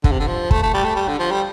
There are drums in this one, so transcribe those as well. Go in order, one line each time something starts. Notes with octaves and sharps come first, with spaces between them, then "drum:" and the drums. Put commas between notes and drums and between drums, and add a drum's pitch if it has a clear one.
D3, drum: kick
C3
D3
F3
A3, drum: kick
A3
G3
A3
G3
D3
F3
G3